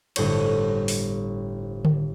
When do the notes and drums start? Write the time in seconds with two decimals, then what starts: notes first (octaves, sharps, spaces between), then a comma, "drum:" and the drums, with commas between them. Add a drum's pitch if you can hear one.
0.16 G1 A2 C5 C#5, drum: cymbal
0.88 drum: open hi-hat
1.85 drum: tom D3